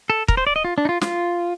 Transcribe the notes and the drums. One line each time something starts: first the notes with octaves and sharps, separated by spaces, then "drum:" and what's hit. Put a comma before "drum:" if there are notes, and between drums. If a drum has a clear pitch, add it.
A4
A#4, drum: kick
C5
D5
D#5
F4
D4
D#4
F4
F4, drum: snare